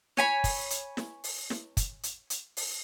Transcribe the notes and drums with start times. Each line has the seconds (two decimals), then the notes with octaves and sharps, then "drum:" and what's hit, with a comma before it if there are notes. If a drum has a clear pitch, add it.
0.17 C#5 G#5 B5, drum: snare
0.44 drum: kick, open hi-hat
0.70 drum: hi-hat
0.97 drum: snare
1.24 drum: open hi-hat
1.50 drum: snare
1.77 drum: kick, hi-hat
2.03 drum: hi-hat
2.30 drum: hi-hat
2.57 drum: open hi-hat